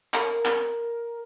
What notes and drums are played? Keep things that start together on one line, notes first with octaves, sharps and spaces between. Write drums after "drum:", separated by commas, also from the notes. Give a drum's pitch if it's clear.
A#4, drum: clap
drum: clap